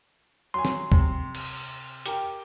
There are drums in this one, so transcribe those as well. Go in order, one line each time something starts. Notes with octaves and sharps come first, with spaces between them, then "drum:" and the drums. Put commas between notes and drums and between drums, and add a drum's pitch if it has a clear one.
F#3 G#5 C6
drum: snare
C3, drum: kick
drum: cymbal
G4 A#4 G5, drum: hi-hat